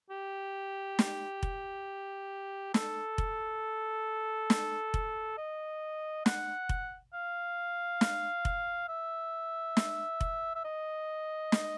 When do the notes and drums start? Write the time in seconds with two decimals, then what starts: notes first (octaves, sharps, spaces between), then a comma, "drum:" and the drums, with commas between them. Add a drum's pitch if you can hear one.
0.10 G4
0.99 drum: snare
1.43 drum: kick F1
2.74 A4, drum: snare
3.18 drum: kick F1
4.50 drum: snare
4.94 drum: kick F1
5.38 D#5
6.26 F#5, drum: snare
6.69 drum: kick F1
7.14 F5
8.01 drum: snare
8.45 drum: kick F1
8.88 E5
9.77 drum: snare
10.21 drum: kick F1
10.56 E5
10.65 D#5
11.52 drum: snare